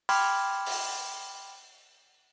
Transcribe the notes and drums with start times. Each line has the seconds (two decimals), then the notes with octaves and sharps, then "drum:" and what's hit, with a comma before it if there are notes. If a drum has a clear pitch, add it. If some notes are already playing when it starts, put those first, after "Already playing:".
0.09 G5 B5 C6 D6 F6 G#6, drum: open hi-hat
0.66 drum: open hi-hat